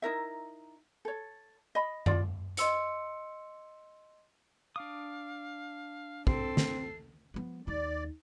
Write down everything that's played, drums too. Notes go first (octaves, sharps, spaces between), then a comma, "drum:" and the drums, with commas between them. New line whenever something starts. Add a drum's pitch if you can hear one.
D#4 E4 A#4 E5
A4 C#5
D#5 B5
F4 D5, drum: tom F#2
D#5 C6 E6 C#7, drum: hi-hat
D4 F5 D6 D#6
C4 A4 C7, drum: kick
drum: snare
F3 B3
D#2 D#4 D5